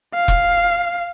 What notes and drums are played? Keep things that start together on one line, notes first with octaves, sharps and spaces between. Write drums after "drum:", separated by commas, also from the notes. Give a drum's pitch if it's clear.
F5
drum: kick E1